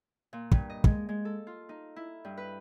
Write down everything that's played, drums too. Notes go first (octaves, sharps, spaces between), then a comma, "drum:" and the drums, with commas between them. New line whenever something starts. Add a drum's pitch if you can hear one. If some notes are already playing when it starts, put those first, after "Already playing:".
A#2
G2, drum: kick
D#5
G#3, drum: kick
G#3
A4
F4
D#4
E4
G2
B4